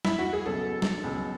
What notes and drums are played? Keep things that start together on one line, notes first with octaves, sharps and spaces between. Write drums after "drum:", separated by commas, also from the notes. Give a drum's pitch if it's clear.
E4, drum: snare
F#4
G#4
C#2 B2 F#3 A4
drum: snare
C#2 B2 F#3